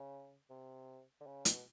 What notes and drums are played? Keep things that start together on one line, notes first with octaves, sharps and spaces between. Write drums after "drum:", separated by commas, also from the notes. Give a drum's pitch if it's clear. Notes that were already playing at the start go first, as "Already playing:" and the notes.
Already playing: C#3
C3
D3
C#3
B2, drum: hi-hat